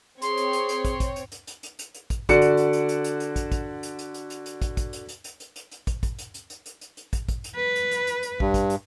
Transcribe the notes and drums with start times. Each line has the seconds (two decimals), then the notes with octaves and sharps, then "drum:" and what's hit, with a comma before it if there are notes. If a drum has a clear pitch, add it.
0.22 C4 G#4 C#5 C6, drum: hi-hat
0.37 drum: hi-hat
0.53 drum: hi-hat
0.69 drum: hi-hat
0.85 drum: kick, hi-hat
1.00 drum: kick, hi-hat
1.16 drum: hi-hat
1.32 drum: hi-hat
1.47 drum: hi-hat
1.63 drum: hi-hat
1.79 drum: hi-hat
1.95 drum: hi-hat
2.10 drum: kick, hi-hat
2.29 D3 F#4 D5 C#7, drum: kick, hi-hat
2.42 drum: hi-hat
2.57 drum: hi-hat
2.73 drum: hi-hat
2.89 drum: hi-hat
3.04 drum: hi-hat
3.20 drum: hi-hat
3.36 drum: kick, hi-hat
3.52 drum: kick, hi-hat
3.83 drum: hi-hat
3.99 drum: hi-hat
4.14 drum: hi-hat
4.30 drum: hi-hat
4.46 drum: hi-hat
4.62 drum: kick, hi-hat
4.77 drum: kick, hi-hat
4.93 drum: hi-hat
5.09 drum: hi-hat
5.24 drum: hi-hat
5.40 drum: hi-hat
5.56 drum: hi-hat
5.71 drum: hi-hat
5.87 drum: kick, hi-hat
6.03 drum: kick, hi-hat
6.19 drum: hi-hat
6.34 drum: hi-hat
6.50 drum: hi-hat
6.66 drum: hi-hat
6.81 drum: hi-hat
6.97 drum: hi-hat
7.13 drum: kick, hi-hat
7.29 drum: kick, hi-hat
7.44 drum: hi-hat
7.55 B4
7.76 drum: hi-hat
7.91 drum: hi-hat
8.07 drum: hi-hat
8.23 drum: hi-hat
8.40 G2, drum: kick
8.54 drum: kick, hi-hat
8.70 drum: hi-hat